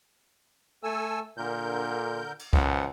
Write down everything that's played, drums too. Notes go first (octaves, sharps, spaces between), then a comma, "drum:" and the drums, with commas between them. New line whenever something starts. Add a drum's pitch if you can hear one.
A3 A4 G#5 E6
A#2 D3 A#4 G6
drum: cymbal
C#2 F#2 F3 F#5, drum: kick C2